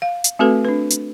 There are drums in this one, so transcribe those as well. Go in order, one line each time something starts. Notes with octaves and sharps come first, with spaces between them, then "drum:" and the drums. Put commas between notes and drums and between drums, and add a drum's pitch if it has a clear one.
F5
drum: hi-hat
A3 C4 F#4 A4 B4
D4 B4
drum: hi-hat